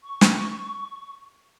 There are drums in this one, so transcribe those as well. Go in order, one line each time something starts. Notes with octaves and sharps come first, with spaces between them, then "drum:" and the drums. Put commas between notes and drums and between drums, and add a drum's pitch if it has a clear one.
C#6
drum: snare